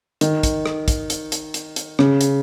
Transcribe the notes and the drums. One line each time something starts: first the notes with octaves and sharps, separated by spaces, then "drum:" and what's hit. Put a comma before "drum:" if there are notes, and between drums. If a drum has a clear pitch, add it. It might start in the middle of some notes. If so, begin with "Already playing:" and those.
D#3, drum: hi-hat
drum: kick, hi-hat
drum: rim click
drum: kick, hi-hat
drum: hi-hat
drum: hi-hat
drum: hi-hat
drum: hi-hat
C#3, drum: rim click
drum: hi-hat